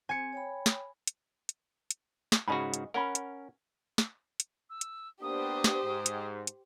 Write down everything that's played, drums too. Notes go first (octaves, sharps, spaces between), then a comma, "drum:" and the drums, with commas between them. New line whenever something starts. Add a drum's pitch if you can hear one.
C4 G#5 C#7
C#5 G5 B5
drum: snare
drum: hi-hat
drum: hi-hat
drum: hi-hat
drum: snare
G#2 C#3 F#4 D#5 G#5 B5
drum: hi-hat
C#4 A#4 F#5 B5
drum: hi-hat
drum: snare
drum: hi-hat
E6
drum: hi-hat
A#3 B3 D4 G4 C5 D#6
drum: snare
G#2
drum: hi-hat
drum: hi-hat